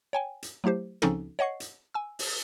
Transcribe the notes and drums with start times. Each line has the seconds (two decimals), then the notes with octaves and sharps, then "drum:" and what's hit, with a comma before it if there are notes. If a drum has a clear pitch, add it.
0.13 C#5 G5 G#5
0.43 drum: hi-hat
0.64 F#3 A3 E4 G4 C5
1.02 C#3 F3 C4 C#4 D#4 A4, drum: rim click
1.39 C#5 D#5 F#5 C#6 C7
1.60 drum: hi-hat
1.94 G#5 E6
2.19 drum: open hi-hat